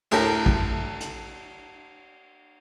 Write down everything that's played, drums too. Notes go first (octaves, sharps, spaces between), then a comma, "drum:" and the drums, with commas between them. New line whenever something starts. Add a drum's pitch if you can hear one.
D2 A2 G4 A#4, drum: cymbal
drum: kick
drum: hi-hat